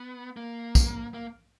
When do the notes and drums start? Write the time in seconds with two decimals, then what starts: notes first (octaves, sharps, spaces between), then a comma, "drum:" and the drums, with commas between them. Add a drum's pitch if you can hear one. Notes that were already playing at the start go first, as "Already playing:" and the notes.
Already playing: B3
0.37 A#3
0.75 drum: kick, tambourine
1.14 A#3